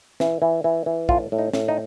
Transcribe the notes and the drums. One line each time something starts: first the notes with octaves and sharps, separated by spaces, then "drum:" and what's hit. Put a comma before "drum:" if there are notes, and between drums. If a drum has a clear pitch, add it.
E3, drum: snare
E3
E3
E3
A2 F4, drum: kick
A2
D#4
A2, drum: snare
D#4